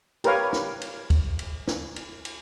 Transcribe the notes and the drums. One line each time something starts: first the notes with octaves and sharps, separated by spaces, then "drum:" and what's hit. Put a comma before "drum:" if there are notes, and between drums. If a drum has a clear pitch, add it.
G4 A#4 B4 C#5 F5, drum: cymbal
drum: snare
drum: cymbal
drum: kick, cymbal
drum: cymbal
drum: snare
drum: cymbal
drum: cymbal